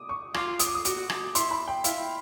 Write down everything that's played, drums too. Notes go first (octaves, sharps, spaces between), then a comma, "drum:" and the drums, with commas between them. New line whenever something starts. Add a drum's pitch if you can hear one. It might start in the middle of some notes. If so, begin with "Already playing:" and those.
Already playing: D6 D#6
C#6
F4 D6, drum: rim click
D#6, drum: hi-hat
D6
D#6
F#4 D6, drum: hi-hat
drum: rim click
E4 C6, drum: hi-hat
B5
G5
E4 F5, drum: hi-hat